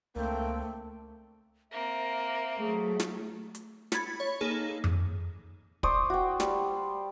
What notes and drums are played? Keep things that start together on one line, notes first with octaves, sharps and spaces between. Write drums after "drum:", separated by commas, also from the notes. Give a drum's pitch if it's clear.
C#2 A3 A#3 C4 D4 G5
A#3 C4 E5
F#3 A3 G#4
drum: snare
drum: hi-hat
B5 G#6 A6 B6 C#7, drum: snare
C#5
A#3 D#4 G#4 A4
drum: tom F2
C5 D5 C#6 D#6, drum: kick
F#4 G5
G3, drum: snare